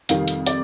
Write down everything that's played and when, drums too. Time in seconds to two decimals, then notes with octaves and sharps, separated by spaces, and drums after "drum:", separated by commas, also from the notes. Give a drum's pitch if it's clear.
0.09 F2 C3 D#3 G3 F5, drum: hi-hat
0.28 drum: hi-hat
0.47 D5, drum: hi-hat